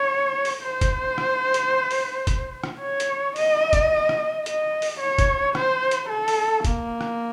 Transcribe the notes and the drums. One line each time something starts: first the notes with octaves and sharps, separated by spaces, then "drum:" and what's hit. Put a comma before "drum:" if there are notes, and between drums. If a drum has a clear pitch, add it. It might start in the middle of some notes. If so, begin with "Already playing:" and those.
Already playing: C#5
drum: open hi-hat
C5
drum: kick, hi-hat
drum: rim click
drum: hi-hat
drum: open hi-hat
drum: kick, hi-hat
drum: rim click
C#5
drum: hi-hat
D#5, drum: open hi-hat
drum: kick, hi-hat
drum: rim click
D#5, drum: hi-hat
drum: open hi-hat
C#5
drum: kick, hi-hat
C5, drum: rim click
drum: hi-hat
A4
drum: open hi-hat
A#3, drum: kick, hi-hat
drum: rim click